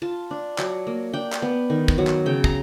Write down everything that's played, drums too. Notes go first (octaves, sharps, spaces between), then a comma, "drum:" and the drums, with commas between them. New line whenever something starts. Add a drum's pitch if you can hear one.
F4 A5
D4
F#3, drum: clap
A#3
D4 G5
drum: clap
B3
D#3
drum: kick
F#3
drum: clap
C#3 G5
A#5, drum: kick